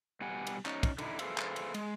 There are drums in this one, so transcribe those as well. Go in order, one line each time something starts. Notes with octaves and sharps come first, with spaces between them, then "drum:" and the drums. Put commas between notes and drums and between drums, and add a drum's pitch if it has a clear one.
B2 G3 F#5 G#5
drum: cymbal
C#4 D#4, drum: clap
drum: kick, cymbal
D3 D#4 E4, drum: cymbal
G#4 A4 B4 C5 E5 F5, drum: cymbal
drum: clap
drum: cymbal
G#3, drum: cymbal